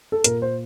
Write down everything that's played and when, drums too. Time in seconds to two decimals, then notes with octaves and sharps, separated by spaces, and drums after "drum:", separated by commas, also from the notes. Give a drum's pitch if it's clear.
0.12 A4
0.24 A#2 A#4, drum: hi-hat
0.42 C5